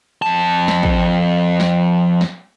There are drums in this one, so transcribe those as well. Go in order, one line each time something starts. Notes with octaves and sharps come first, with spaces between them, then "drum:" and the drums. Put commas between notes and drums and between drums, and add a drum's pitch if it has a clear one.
F2 A5
drum: snare
drum: kick
drum: snare
drum: snare